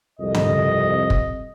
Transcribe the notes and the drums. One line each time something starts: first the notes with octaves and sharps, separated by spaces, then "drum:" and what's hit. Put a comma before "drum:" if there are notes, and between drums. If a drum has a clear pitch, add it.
C2 F2 D#5
drum: tom
drum: kick